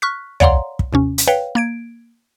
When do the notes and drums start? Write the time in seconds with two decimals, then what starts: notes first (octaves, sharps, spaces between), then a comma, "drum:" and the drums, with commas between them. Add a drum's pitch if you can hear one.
0.02 C#6 F6 F#6 B6
0.40 C#5 D5 F5 F#5 A#5 C6, drum: tom
0.79 drum: kick
0.93 D#2 C3 C#4
1.18 drum: hi-hat
1.28 B4 C#5 F5 G5
1.55 A#3 G#6 D7